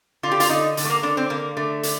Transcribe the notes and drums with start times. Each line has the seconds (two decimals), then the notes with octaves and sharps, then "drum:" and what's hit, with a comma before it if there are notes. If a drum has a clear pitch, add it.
0.23 D3 F4
0.31 G4
0.40 F4, drum: hi-hat
0.49 D3 D#4
0.77 D3, drum: hi-hat
0.85 A3
0.90 A#3
1.03 D3 D4
1.17 C4
1.30 D3 A#3
1.57 D3 A3
1.83 D3, drum: hi-hat